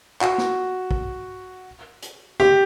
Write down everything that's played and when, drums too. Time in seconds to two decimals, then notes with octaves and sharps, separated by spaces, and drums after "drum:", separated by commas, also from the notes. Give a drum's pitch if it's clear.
0.21 F#4, drum: clap
0.38 drum: snare
0.91 drum: kick A#1
2.02 drum: hi-hat
2.40 G4, drum: tom